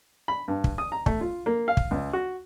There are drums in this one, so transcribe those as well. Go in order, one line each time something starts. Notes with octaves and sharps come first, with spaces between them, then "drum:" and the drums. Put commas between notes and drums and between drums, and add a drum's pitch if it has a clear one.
B5
G2
drum: kick
D#6
A#5
A3, drum: kick
F4
A#3
F5
drum: kick
C#2
F#4